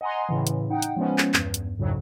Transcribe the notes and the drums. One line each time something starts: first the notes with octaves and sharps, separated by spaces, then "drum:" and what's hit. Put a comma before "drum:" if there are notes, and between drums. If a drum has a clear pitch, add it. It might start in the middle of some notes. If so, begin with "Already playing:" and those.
D#5 F#5 G#5 A#5 C6
A2 C#3 E3
drum: hi-hat
D#4 F#5 G5
drum: hi-hat
F3 G#3 B3 C#4
drum: clap
E2 G2, drum: clap
drum: hi-hat
C2 F2 G#2 C#3 F#3